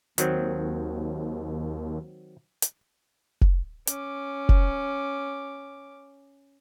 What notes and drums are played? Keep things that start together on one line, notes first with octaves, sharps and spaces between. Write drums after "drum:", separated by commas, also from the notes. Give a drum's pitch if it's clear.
D#2 D#3 F#3 C4, drum: hi-hat
drum: hi-hat
drum: kick F1
C#4 D6, drum: hi-hat
drum: kick F1